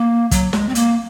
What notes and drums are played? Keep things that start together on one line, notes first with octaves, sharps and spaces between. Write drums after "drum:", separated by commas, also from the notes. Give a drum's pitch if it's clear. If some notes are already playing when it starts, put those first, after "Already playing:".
Already playing: A#3
F#3, drum: kick, hi-hat
G#3, drum: snare
C4
A#3, drum: hi-hat